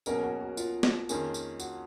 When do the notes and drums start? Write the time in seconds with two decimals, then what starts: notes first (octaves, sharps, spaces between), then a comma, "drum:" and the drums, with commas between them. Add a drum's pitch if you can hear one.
0.06 B2 F#3 A#3 C#4 G#4 A#4, drum: tambourine
0.23 F#4
0.41 F#4
0.57 F4, drum: tambourine
0.83 drum: snare
1.09 F2 D#3 A#3 C#4 G#4, drum: tambourine
1.34 drum: tambourine
1.60 F#4, drum: tambourine